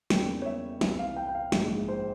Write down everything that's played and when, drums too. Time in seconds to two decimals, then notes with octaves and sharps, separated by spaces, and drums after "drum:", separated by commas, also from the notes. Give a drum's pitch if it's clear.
0.10 E2 C#3 E3 G3 A#3 G5, drum: snare
0.42 C#5
0.46 E5
0.81 C2 C3 E3 E5, drum: snare
0.99 F5
1.16 G5
1.28 G5
1.35 F5
1.52 A#1 G#2 E3 G#3 E5, drum: snare
1.88 C5